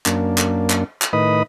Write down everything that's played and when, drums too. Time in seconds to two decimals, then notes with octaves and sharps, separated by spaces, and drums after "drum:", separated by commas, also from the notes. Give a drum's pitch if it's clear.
0.06 F#2 A#3 D4, drum: clap
0.38 drum: clap
0.70 drum: clap
1.02 drum: clap
1.13 A2 D#3 B4 D#5 B5 D#6